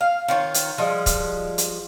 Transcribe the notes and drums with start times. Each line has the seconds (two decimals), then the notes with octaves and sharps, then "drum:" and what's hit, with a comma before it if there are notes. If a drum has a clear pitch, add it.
0.01 F5
0.28 D#3 F4 C#5
0.54 drum: hi-hat
0.78 F3 G3 G#3
1.06 drum: kick C#1, hi-hat
1.58 drum: hi-hat